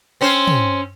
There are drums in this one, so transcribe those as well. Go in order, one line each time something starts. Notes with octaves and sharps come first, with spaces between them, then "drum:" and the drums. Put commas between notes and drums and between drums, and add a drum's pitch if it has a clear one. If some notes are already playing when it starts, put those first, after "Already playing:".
C4 C#4 C5
drum: tom